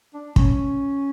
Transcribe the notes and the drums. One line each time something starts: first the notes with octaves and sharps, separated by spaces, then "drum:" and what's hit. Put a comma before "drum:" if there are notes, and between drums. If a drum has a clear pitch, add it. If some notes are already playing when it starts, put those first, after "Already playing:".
D4
C#4, drum: kick